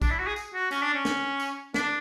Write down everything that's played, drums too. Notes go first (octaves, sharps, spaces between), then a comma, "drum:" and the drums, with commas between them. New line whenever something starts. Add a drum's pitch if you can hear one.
D4, drum: kick, tambourine
E4
F#4
G#4
drum: tambourine
F#4
C#4, drum: tambourine
D4
C#4
drum: snare
drum: tambourine
D4, drum: snare